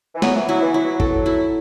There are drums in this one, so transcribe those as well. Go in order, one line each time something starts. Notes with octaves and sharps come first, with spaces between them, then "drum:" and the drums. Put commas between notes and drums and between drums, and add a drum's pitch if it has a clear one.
E3
F#3 B3, drum: snare
E3
F#3 E4
E3
F#3 E4
A4, drum: kick
E4